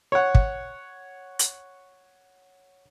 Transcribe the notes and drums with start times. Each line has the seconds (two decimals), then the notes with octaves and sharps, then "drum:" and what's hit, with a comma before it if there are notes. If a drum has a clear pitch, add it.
0.12 C#5 F#5
0.35 drum: kick
1.39 drum: hi-hat